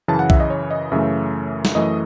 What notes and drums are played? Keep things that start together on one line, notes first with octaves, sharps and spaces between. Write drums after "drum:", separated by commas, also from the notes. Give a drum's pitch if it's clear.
F#2 C#3 E3 A5
F#5
E5, drum: kick B1
D#5
C#5
D#5
F#2 C#3 E3 A3 E5
drum: snare
F#2 E3 A3 D#5